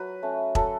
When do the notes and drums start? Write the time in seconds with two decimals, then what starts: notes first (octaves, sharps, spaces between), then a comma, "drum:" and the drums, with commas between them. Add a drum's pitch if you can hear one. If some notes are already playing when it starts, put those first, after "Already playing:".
Already playing: F#3 B4
0.23 A3 C#4
0.55 F#3 A4, drum: kick E1